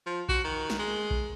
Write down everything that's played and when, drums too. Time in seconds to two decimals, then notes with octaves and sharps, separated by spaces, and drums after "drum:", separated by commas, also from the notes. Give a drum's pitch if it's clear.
0.06 F3
0.29 F#4, drum: kick A#1
0.44 D#3
0.70 drum: snare
0.79 G#3
1.11 drum: kick A#1